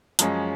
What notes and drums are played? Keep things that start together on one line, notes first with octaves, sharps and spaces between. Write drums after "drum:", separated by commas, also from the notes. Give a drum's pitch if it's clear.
F#2 F3 G#3 C#4, drum: hi-hat